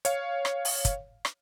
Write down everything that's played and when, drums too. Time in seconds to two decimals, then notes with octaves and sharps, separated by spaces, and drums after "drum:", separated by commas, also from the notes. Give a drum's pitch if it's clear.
0.05 C#5 F5, drum: hi-hat
0.45 drum: rim click
0.65 drum: open hi-hat
0.85 drum: kick, hi-hat
1.25 drum: rim click